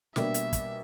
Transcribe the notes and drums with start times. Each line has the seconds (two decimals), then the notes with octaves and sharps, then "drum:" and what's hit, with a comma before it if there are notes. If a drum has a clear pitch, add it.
0.16 B2 G3 A#3 D4 E5, drum: snare
0.34 drum: hi-hat
0.53 drum: kick, hi-hat